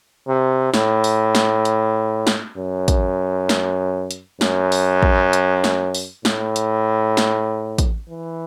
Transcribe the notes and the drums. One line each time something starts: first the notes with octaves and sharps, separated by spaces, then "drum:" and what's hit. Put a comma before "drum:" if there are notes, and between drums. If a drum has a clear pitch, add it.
C3
A2, drum: snare
drum: open hi-hat
drum: snare
drum: hi-hat
drum: snare
F#2
drum: kick, hi-hat
drum: snare
drum: hi-hat
F#2, drum: snare
drum: open hi-hat
drum: kick
drum: hi-hat
drum: snare
drum: open hi-hat
A2, drum: snare
drum: hi-hat
drum: snare
drum: kick, hi-hat
E3